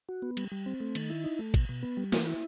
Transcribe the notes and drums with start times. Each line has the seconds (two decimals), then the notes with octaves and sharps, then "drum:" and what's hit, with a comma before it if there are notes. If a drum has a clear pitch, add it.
0.09 F#4
0.22 B3
0.37 G3, drum: cymbal
0.52 G3
0.66 C4
0.80 A3
0.95 D#3, drum: cymbal
1.10 E4
1.24 D#4
1.39 A3
1.54 B2, drum: kick, cymbal
1.69 B2
1.83 B3
1.97 G3
2.12 E3, drum: snare
2.27 E4